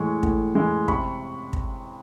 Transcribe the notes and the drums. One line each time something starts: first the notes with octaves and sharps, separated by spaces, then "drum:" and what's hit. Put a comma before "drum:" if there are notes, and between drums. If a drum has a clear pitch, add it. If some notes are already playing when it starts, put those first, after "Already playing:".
Already playing: A2 E3 G#3 C#6
A2, drum: kick
E3 G#3
C3 B5 C#6, drum: kick
drum: kick